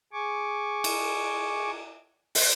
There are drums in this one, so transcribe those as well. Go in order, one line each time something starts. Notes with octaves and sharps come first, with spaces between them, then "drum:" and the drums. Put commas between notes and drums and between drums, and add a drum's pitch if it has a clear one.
G#4 G#5 C#6 D6
drum: cymbal
drum: open hi-hat